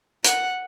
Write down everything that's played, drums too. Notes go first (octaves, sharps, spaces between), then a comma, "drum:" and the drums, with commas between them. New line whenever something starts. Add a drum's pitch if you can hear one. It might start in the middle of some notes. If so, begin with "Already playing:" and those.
F#5, drum: hi-hat